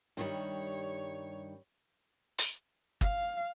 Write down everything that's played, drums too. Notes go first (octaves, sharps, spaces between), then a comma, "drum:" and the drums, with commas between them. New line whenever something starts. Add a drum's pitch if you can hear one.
G2 D#3 G3 C#5
drum: hi-hat
F5, drum: kick